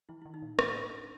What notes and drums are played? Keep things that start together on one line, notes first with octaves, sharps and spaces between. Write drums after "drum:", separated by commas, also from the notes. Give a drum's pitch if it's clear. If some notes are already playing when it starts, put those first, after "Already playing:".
E3 E4
E4
D#3
D#4
A#2
A2 C#4, drum: rim click
D4
D4